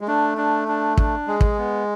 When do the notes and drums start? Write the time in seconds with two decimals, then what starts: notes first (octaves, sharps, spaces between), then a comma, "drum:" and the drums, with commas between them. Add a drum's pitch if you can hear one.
0.01 G#3
0.07 A3 D4
0.37 D4
0.68 D4
0.97 D4, drum: kick
1.28 G#3 G#4
1.41 drum: kick
1.58 B3